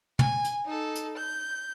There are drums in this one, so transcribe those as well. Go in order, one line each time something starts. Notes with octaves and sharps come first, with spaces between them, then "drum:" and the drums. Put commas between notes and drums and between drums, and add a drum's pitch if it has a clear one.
G#5, drum: tom
drum: hi-hat
D#4 A4
drum: hi-hat
G6